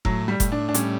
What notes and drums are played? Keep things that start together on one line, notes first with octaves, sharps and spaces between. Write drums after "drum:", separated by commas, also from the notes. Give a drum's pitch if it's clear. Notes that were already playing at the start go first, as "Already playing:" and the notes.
A2 F#3, drum: kick F1
G3
A2, drum: kick F1, hi-hat
D4
D4
G3 C#4, drum: hi-hat